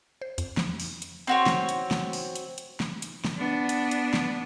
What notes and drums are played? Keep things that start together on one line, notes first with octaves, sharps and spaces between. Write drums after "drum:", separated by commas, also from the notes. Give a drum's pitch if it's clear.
C5
F2, drum: hi-hat
F3, drum: snare
drum: open hi-hat
drum: hi-hat
C4 F#4 C#5
drum: snare
drum: hi-hat
drum: snare
drum: open hi-hat
drum: hi-hat
drum: hi-hat
drum: snare
drum: hi-hat
drum: snare
B3 D4
drum: hi-hat
drum: hi-hat
drum: snare